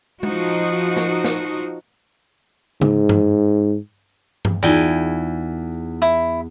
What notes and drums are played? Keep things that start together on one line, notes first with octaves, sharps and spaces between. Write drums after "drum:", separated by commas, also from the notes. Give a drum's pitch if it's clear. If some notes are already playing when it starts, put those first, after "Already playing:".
F3 D#4 F#4, drum: tom G#3
drum: snare
drum: snare
G#2, drum: tom C#3
drum: tom G2
drum: tom G2
E2 D#4 F4 D5 G5 G#5, drum: hi-hat
E4